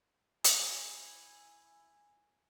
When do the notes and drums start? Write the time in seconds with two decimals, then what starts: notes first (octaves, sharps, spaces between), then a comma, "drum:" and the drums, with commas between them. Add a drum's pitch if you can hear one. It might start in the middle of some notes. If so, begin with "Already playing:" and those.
0.44 E4 G#5, drum: hi-hat